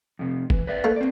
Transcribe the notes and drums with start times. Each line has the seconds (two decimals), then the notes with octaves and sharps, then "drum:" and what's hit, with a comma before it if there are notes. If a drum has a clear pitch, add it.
0.19 F2 C3
0.50 E3, drum: kick
0.67 B4 D5 E5
0.84 A3 A#3
0.96 C4 D5